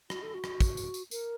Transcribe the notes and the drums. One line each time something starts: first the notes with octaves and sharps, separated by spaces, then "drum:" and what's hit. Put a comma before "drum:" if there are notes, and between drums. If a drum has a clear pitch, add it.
F#4, drum: rim click
A4
F#4
drum: rim click
drum: kick, tambourine
drum: tambourine
drum: tambourine
A#4, drum: tambourine